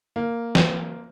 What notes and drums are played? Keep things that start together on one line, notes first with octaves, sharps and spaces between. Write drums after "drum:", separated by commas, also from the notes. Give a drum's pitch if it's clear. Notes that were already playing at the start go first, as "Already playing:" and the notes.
A#3
drum: snare